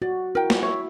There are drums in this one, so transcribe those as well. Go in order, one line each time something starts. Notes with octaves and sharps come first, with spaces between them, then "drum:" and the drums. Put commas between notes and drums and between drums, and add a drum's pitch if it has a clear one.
F#4 D5
E4 A#4 G5
drum: snare
C#5 E5